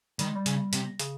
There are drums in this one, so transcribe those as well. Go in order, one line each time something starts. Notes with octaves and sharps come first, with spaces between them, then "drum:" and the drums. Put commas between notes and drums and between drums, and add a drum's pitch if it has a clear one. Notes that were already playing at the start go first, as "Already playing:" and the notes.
D#3 G3, drum: hi-hat
G#3
G3
C#3, drum: hi-hat
C3, drum: hi-hat
C#3, drum: hi-hat